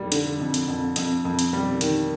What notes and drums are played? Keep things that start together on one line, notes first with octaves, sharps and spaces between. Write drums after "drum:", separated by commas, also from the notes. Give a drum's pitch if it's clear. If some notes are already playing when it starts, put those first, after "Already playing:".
Already playing: F2 G3
D3, drum: hi-hat
F2
drum: hi-hat
F2
F2, drum: hi-hat
F2
drum: hi-hat
G3
D#3, drum: hi-hat